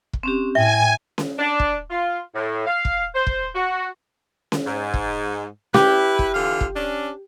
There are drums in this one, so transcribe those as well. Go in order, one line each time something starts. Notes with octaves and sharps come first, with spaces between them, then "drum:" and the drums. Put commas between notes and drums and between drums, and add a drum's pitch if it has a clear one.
drum: kick
C4 C#4 G4
A2 E5 G5 G#5
drum: snare C#4
D4
drum: kick
F4
A2
F5
drum: kick
C5
drum: kick
F#4
drum: snare C#4
G#2
drum: kick
E4 G4 B4, drum: snare C#4
drum: kick
D3 E3 F4
drum: kick
C#4 D4